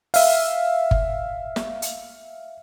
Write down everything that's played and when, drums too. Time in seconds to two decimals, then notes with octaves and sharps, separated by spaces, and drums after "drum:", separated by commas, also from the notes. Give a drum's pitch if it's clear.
0.14 E5 F5, drum: open hi-hat
0.91 drum: kick G1
1.56 drum: snare
1.82 drum: hi-hat